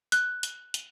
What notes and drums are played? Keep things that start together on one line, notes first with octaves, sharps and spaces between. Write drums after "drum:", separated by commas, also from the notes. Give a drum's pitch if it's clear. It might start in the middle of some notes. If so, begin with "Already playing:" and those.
F#6, drum: hi-hat
drum: hi-hat
drum: hi-hat